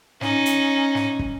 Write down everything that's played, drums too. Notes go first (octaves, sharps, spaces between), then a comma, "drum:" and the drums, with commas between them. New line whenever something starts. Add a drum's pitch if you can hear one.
C#4 D#4, drum: snare
drum: hi-hat
drum: snare
drum: kick